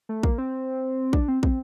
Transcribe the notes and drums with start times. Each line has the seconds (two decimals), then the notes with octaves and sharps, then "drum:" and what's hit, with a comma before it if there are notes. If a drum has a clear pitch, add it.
0.09 A3
0.23 A#3, drum: kick
0.38 C4
1.13 D4, drum: kick
1.28 C4
1.43 C4, drum: kick